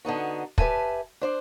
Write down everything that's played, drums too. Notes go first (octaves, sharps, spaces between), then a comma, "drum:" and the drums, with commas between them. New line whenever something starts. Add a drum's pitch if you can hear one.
D3 B3 D#4 F#4
G4 B4 D#5 E5 G#5 A5, drum: kick
D4 C5 D5